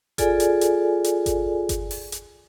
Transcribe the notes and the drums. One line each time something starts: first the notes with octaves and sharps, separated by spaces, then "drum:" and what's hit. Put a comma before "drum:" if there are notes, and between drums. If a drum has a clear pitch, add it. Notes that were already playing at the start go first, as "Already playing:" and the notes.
F4 G#4 A4 D5 G#5, drum: kick G1, hi-hat
drum: hi-hat
drum: hi-hat
drum: hi-hat
drum: kick G1, hi-hat
drum: kick G1, hi-hat
drum: open hi-hat
drum: hi-hat